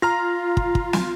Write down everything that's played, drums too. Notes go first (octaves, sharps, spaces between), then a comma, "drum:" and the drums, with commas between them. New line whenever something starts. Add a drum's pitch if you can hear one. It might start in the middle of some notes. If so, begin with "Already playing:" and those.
F4 A#5 F6 A#6
drum: kick
drum: kick
drum: snare